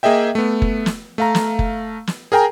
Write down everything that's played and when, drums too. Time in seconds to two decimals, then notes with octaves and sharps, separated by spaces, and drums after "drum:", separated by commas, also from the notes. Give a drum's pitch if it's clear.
0.03 A#3 G#4 D#5 E5 G5
0.35 A3 B3
0.62 drum: kick F#1
0.86 drum: snare
1.18 A3 F5 A#5
1.35 drum: snare
1.59 drum: kick F#1
2.07 drum: snare
2.32 G#4 A#4 G5 G#5 A#5